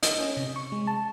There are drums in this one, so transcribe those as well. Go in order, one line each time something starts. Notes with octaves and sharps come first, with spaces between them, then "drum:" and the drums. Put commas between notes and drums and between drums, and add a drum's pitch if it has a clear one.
D#5, drum: hi-hat
C#4
C3
C#6
G#3
A5